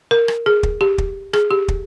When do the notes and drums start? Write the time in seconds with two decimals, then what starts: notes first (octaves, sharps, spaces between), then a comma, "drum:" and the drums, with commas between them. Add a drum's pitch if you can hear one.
0.11 A#4
0.28 drum: rim click
0.46 G#4
0.63 drum: kick
0.81 G4
0.98 drum: kick
1.33 G#4, drum: rim click
1.51 G4
1.68 drum: kick